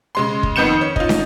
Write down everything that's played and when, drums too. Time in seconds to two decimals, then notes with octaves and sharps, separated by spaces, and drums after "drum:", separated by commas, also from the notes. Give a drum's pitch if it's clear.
0.15 C#3 G#3 C6
0.43 drum: kick
0.56 F2 D#3 B3 G6 C#7 E7
0.81 C#4
0.96 D#4 F4, drum: kick
1.09 drum: snare